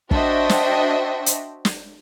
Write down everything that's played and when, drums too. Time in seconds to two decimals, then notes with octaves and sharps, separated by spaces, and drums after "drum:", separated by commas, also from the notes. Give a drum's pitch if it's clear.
0.11 D4 F#4 C5 D#5 E5 G5, drum: kick
0.49 drum: snare
1.26 drum: hi-hat
1.65 drum: snare